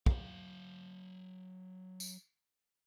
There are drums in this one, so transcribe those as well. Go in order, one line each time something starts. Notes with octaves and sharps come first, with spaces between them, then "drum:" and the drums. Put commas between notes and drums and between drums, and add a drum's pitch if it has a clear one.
F#3 F5, drum: kick
drum: tambourine